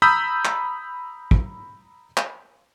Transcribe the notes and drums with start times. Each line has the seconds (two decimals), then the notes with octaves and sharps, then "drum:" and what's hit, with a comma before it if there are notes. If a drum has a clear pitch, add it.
0.02 A#5 B5 D#6 E6 G6 B6
0.45 drum: clap
1.31 drum: kick
2.17 drum: clap